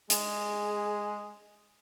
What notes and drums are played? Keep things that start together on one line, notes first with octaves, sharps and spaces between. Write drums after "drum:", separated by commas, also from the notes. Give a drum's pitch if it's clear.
G#3 G#4, drum: hi-hat